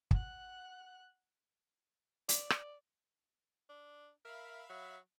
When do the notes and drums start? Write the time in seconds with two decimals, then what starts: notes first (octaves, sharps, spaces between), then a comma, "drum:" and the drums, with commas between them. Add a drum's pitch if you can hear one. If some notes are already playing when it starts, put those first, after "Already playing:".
0.11 F#5 F#6, drum: kick
2.29 D5, drum: hi-hat
2.50 drum: rim click
3.69 D4
4.25 A#4 E5 F5 B5
4.70 F#3